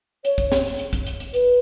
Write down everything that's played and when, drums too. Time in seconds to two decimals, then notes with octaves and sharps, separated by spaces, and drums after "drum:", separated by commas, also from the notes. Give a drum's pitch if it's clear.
0.25 C#5, drum: hi-hat
0.38 drum: kick, hi-hat
0.52 drum: snare
0.65 drum: open hi-hat
0.79 drum: hi-hat
0.93 drum: kick, hi-hat
1.07 drum: hi-hat
1.20 drum: hi-hat
1.34 B4, drum: hi-hat